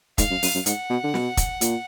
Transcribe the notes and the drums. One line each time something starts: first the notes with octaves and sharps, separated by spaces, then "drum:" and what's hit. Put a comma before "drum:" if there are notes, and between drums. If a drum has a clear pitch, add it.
G#2 F5, drum: kick, hi-hat
F#2
F#2, drum: open hi-hat
F#2
G#2 F#5, drum: hi-hat
B2
D3
B2, drum: snare
drum: kick, hi-hat
A#2, drum: hi-hat